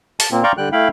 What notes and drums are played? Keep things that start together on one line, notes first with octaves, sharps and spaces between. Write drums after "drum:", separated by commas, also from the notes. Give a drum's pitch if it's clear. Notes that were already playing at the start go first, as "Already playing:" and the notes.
A5, drum: open hi-hat
A#2 A#3 C4
D5 F5 G5 A#5 C6 C#6
D3 G3 G5 F#6
A3 E4 F5 G5 B5